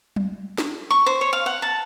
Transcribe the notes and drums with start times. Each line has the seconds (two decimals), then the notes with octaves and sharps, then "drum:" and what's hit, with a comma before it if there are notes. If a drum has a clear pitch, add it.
0.16 drum: tom F#3
0.58 drum: snare
0.91 C#6
1.06 C5
1.21 C#5
1.33 F5
1.46 F#5
1.62 A5